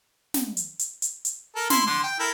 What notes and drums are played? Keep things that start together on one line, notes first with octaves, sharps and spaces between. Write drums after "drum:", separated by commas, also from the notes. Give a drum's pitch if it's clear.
drum: snare
drum: hi-hat
drum: hi-hat
drum: hi-hat
drum: hi-hat
A4 A#4
E4 C6, drum: snare
D3 C6
G5
E4 A4 A#4